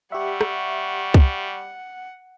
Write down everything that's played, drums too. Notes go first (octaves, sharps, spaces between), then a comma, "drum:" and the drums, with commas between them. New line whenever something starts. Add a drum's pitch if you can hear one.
G3 G4 E5 F#5 C#6
drum: rim click
drum: kick